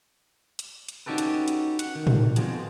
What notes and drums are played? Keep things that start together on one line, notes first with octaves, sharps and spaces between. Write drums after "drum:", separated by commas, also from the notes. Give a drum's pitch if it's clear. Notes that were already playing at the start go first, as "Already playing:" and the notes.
drum: hi-hat
drum: hi-hat
C#4 D#4 F#4 G4 A4 B4
drum: hi-hat
drum: hi-hat
F#5, drum: hi-hat
D#3
drum: tom A2
F2 B2 F3 G#3, drum: hi-hat